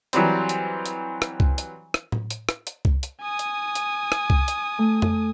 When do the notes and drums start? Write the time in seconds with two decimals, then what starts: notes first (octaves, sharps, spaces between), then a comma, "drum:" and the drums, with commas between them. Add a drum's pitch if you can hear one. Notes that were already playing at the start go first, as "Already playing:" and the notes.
0.13 E3 F#3 G3 C4, drum: hi-hat
0.49 drum: hi-hat
0.86 drum: hi-hat
1.22 drum: rim click
1.40 drum: kick C2
1.58 drum: hi-hat
1.94 drum: rim click
2.12 drum: tom A2
2.30 drum: hi-hat
2.49 drum: rim click
2.67 drum: hi-hat
2.85 drum: kick C2
3.03 drum: hi-hat
3.22 G#5 D#6
3.39 drum: hi-hat
3.75 drum: hi-hat
4.12 drum: rim click
4.30 drum: kick C2
4.48 drum: hi-hat
4.79 A3
5.02 drum: tom F2